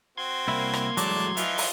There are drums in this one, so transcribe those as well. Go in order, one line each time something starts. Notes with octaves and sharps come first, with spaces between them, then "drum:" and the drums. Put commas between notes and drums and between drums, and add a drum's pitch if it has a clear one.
C4 F#4 C6 G#6
C2 A#3 E4
drum: rim click
E3 F#3 G#3 A3 D5 A5, drum: hi-hat
E3 F3 D#4 F4, drum: hi-hat
drum: open hi-hat